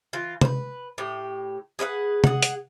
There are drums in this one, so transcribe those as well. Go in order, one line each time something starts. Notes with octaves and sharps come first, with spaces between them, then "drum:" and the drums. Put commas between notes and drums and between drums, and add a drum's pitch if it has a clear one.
E3 F4
B4 C5, drum: tom C3
A2 G4
G#4 B4 D5 F#5
G#4 F#5, drum: tom C3
drum: hi-hat